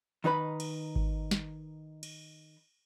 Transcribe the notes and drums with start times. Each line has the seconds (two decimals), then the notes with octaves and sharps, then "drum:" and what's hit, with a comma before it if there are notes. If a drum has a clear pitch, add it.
0.24 D#3 D#4 B4 B5
0.60 drum: cymbal
0.96 drum: kick G#1
1.31 drum: snare
2.03 drum: cymbal